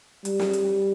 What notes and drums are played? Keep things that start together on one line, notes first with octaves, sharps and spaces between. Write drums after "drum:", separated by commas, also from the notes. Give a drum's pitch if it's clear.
G3, drum: hi-hat
drum: snare
drum: hi-hat